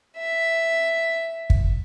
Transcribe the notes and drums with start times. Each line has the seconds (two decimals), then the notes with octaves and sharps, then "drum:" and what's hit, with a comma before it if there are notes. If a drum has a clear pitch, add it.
0.18 E5
1.50 drum: kick